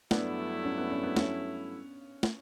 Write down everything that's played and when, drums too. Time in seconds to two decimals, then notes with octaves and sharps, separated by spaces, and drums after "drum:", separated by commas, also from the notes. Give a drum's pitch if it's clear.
0.11 G2 F#3 A3 B3 D4 E4, drum: snare
0.64 C#4
0.78 B3
0.90 C#4
1.03 B3
1.16 C#4, drum: snare
2.23 drum: snare